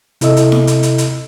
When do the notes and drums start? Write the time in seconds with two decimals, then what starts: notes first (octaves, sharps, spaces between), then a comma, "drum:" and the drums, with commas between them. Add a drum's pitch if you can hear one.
0.21 C3 E4 A4 D#5 E6, drum: hi-hat
0.37 drum: hi-hat
0.52 drum: snare E4
0.67 drum: hi-hat
0.83 drum: hi-hat
0.98 drum: hi-hat